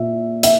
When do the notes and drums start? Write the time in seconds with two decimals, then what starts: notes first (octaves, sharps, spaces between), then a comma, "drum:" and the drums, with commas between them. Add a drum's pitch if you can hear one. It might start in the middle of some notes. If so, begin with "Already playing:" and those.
Already playing: A#2 E5
0.43 E5, drum: hi-hat